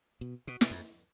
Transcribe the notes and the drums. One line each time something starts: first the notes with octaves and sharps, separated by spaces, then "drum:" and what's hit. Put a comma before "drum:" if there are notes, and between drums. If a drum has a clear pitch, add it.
B2
B2
B2, drum: snare
F2